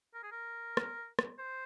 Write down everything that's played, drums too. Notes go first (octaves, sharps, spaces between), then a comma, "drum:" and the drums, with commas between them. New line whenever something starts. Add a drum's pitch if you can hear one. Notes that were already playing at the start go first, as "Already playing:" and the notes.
A#4
G#4
A#4
drum: rim click
drum: rim click
C5